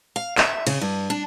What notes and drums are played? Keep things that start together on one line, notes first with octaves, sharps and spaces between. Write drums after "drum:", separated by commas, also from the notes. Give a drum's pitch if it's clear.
F5
E5, drum: clap
C#3, drum: cymbal
G2
D4